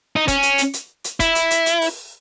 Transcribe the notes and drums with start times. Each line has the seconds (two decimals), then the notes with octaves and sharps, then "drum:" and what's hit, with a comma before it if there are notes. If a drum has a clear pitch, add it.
0.16 D#4
0.28 C#4, drum: kick, hi-hat
0.43 drum: hi-hat
0.58 drum: hi-hat
0.74 drum: hi-hat
1.04 drum: hi-hat
1.20 E4, drum: kick, hi-hat
1.35 drum: hi-hat
1.51 drum: hi-hat
1.66 drum: hi-hat
1.82 drum: open hi-hat